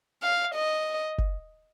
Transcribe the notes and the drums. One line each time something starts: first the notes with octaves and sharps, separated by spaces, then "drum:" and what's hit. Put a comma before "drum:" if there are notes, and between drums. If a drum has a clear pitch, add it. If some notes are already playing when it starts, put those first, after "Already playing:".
F5
D#5
drum: kick F#1